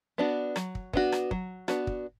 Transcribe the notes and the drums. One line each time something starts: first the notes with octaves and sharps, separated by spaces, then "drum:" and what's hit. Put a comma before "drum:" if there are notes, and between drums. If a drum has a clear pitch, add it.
B3 D4 F#4
F#3, drum: rim click
drum: kick
B3 D4 F#4, drum: kick
drum: rim click
F#3, drum: kick
B3 D4 F#4, drum: rim click
drum: kick